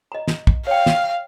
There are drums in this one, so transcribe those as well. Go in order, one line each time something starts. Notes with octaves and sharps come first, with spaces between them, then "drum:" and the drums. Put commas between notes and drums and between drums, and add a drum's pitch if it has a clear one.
D#5 A#5
drum: snare
drum: kick
C#5 D5 F5 G5
drum: snare